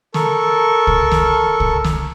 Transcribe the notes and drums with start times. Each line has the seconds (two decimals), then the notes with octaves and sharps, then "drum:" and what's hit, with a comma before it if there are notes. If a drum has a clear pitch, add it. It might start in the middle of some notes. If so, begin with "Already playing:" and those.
0.14 A4 A#4 C#6, drum: snare
0.87 drum: kick C2
1.12 drum: snare
1.60 drum: kick C2
1.84 drum: snare